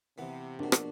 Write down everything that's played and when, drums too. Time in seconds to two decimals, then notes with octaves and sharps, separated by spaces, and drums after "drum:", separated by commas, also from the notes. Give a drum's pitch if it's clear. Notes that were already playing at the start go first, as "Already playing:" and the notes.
0.18 C3 E3 B3
0.59 A#1 B2 D4
0.72 drum: rim click